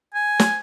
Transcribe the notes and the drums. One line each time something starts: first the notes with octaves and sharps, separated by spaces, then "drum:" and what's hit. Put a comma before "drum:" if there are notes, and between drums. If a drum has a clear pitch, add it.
G#5
drum: snare